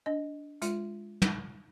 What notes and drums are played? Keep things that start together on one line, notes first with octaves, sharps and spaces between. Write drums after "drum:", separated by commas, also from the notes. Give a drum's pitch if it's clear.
D4 D#5
G#3 F4, drum: hi-hat
drum: tom